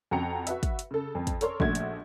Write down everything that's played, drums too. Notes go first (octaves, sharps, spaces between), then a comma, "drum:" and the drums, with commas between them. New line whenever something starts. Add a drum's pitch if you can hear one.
F2 F#4 G5 A#5 C#7
F#4 B4 E5, drum: hi-hat
drum: kick, hi-hat
drum: hi-hat
C#3 A4
F2
drum: kick, hi-hat
A4 A#4 C#5 D5 C6, drum: hi-hat
A#1 A3 F#4 G#6, drum: kick
drum: hi-hat